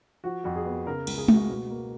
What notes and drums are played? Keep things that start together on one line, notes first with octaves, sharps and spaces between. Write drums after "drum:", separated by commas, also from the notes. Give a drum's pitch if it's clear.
F3 F#4
F2 F#4
G#4
B3
C#3 A#4
C#2, drum: cymbal
G#4
G#3 F#4, drum: tom G#3
B2
A#3